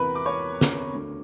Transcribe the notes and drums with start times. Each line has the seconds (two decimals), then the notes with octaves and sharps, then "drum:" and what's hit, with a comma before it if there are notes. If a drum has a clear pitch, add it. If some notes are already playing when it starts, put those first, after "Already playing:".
Already playing: E2 C3 E3 A#4 B4 B5
0.15 D6
0.25 C#5 C#6
0.61 drum: snare
0.91 D2 D3